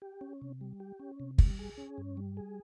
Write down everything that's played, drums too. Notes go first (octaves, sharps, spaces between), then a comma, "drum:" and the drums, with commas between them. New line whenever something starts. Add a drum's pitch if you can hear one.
G4
C#4
C3
G3
G4
C#4
C3
G3, drum: kick
G#4
C#4
G2
G3
G#4